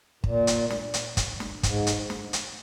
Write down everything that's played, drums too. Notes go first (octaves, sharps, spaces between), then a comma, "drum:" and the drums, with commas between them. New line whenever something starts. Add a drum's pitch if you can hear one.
A#2, drum: kick
drum: hi-hat
drum: snare
drum: hi-hat
drum: kick, hi-hat
drum: snare
G#2, drum: kick, hi-hat
drum: hi-hat
drum: snare
drum: hi-hat